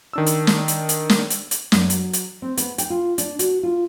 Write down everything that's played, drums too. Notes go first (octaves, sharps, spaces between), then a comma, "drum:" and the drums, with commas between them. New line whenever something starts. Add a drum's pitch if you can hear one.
D#3 D4 E6
drum: hi-hat
drum: snare
drum: hi-hat
drum: hi-hat
drum: snare
drum: hi-hat
drum: hi-hat
F#2, drum: snare
F#3, drum: hi-hat
drum: hi-hat
C4
B3, drum: hi-hat
G5, drum: hi-hat
F4
D4, drum: hi-hat
F#4, drum: hi-hat
F4